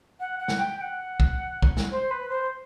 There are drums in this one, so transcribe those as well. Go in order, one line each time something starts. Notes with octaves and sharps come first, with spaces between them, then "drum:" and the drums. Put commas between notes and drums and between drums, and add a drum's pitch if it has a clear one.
F#5
F#5
drum: snare
G5
G5
F#5
drum: kick
drum: kick
drum: snare
C5
B4
C5